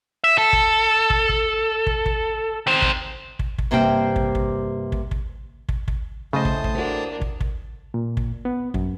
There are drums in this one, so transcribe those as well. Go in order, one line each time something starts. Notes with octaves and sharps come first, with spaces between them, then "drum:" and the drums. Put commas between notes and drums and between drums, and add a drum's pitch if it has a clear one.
E5
A4
drum: kick
drum: kick
drum: kick
drum: kick
drum: kick
D#3 C5
drum: kick
drum: kick
drum: kick
G2 C3 A#3 C5 G5
drum: kick
drum: kick
drum: kick
drum: kick
drum: kick
drum: kick
A2 C#3 A3 C5 D#5 A5 D#6
drum: kick
drum: kick
A#3 D4 F#4 C5
drum: kick
drum: kick
A#2
drum: kick
B3
F#2, drum: kick